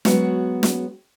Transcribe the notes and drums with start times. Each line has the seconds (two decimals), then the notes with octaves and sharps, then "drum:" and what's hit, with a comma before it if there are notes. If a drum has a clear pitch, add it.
0.05 F#3 G#3 B3 F#4 C#5, drum: snare
0.63 drum: snare